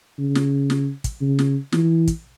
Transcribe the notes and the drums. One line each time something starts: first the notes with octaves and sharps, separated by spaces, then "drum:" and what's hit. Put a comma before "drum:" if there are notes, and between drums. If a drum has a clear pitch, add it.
C#3
drum: snare
drum: snare
drum: kick, hi-hat
C#3
drum: snare
E3, drum: snare
drum: kick, hi-hat